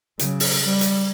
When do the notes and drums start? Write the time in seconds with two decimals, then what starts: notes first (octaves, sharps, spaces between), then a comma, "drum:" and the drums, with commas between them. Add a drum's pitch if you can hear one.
0.19 C#3 F#3, drum: hi-hat
0.40 drum: open hi-hat
0.63 G3
0.81 drum: hi-hat